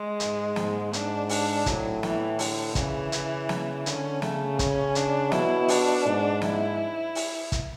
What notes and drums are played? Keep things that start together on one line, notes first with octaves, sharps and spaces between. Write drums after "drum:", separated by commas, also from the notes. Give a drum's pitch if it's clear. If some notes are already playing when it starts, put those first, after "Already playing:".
Already playing: G#3
G#2, drum: hi-hat
G#2, drum: snare
G#2 D4, drum: hi-hat
D4, drum: open hi-hat
A2 F#3, drum: kick, hi-hat
E3, drum: snare
D3, drum: open hi-hat
C#3 E3, drum: kick, hi-hat
C#3, drum: hi-hat
drum: snare
D3 C#4, drum: hi-hat
C#3 A3, drum: snare
C#4, drum: kick, hi-hat
D4, drum: hi-hat
B2 E4, drum: snare
D4, drum: open hi-hat
G#2
E4, drum: snare
drum: open hi-hat
drum: kick, hi-hat